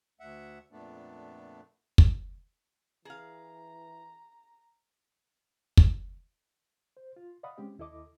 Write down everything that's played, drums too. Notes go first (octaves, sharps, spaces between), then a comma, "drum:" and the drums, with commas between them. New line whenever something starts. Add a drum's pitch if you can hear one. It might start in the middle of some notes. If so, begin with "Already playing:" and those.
D2 E5 F#5
F2 A#2 A3 B3 D4
drum: kick
E3 G#4 F5 A#5
drum: kick
C5
F4
D5 D#5 F5 F#5 B5 D#6
G#3 C4 C#4 G4
D#2 E4 A4 D#5 D6